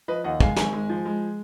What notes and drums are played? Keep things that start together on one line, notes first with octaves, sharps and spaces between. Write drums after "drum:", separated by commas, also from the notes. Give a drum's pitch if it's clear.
F3 B4 D#5
D#2 D#5 F#5
G#3 F5 G#5, drum: kick
G#1 G#5 B5, drum: snare
G#3
F3
G#3